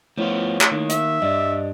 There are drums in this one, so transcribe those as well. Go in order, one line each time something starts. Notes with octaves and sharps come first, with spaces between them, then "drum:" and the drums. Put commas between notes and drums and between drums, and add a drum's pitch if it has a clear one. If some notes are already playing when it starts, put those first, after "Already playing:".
F3 A3 B3 E4 F4 C#5
drum: clap
D#3 A#3
E5, drum: hi-hat
G2 G3 D5 D#5